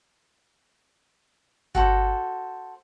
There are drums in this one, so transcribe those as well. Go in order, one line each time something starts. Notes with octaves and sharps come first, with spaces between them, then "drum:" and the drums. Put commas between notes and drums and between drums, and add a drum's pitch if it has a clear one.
F#4 A4 C5, drum: kick G1